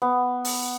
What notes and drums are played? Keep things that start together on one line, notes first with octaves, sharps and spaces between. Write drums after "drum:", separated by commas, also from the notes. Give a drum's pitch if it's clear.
B3
drum: open hi-hat